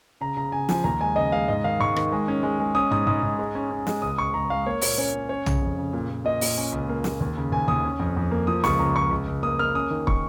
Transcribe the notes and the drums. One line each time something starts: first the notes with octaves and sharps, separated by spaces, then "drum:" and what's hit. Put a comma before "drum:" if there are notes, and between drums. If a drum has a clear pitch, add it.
C#3 A#5
C#3 A#5
C#3 G#5
F3 G#5, drum: snare
D#2 A#5
G#3 G#5
C#3 D#5
G#3 F5
G#2 D#5
D#3 F5
G#2 C#6
D#3, drum: rim click
G#3
C#4
G#3
G#3
C#4 D#6
G#2 D#6
G#2 D#6
G#2
G#3
C#4
C#4
G#3, drum: snare
C#2 D#6
C#2 C#6
C#2 A#5
G#3 F5
A#3 C#5
A#2 C#5, drum: open hi-hat
C#4 C#5
C#4
C#4 C#5
C#3, drum: tom
F2
C#3
A#2
A#2
A#2 D#5
A#2, drum: open hi-hat
C#4
C#2
A#3
A#3, drum: snare
D#2
C#3
D#2 G#5
D#2 D#6
C#4
F2
F2
A#3
F3 D#6
C#2 C#6, drum: snare
C#3 A#5
C#2 C#6
C#2
C#2
A#3 D#6
A#3 F6
C#4 D#6
D#3
D#3 C#6, drum: kick